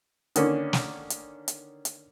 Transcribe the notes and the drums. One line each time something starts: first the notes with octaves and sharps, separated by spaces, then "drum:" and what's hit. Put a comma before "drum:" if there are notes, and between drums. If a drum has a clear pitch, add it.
D3 D#3 A#3 C#4, drum: hi-hat
drum: snare
drum: hi-hat
drum: hi-hat
drum: hi-hat